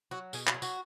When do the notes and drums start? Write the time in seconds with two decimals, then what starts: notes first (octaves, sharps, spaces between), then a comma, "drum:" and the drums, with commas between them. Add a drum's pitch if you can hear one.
0.11 F#3 F#4
0.33 B2 G#4, drum: tambourine
0.47 F#4, drum: clap
0.54 F#3
0.62 F#4, drum: tambourine